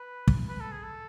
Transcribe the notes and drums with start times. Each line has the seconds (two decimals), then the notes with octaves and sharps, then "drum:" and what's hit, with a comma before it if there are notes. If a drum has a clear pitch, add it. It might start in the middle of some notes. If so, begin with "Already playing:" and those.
Already playing: B4
0.28 drum: kick
0.48 B4
0.60 A4
0.72 G#4
0.83 A4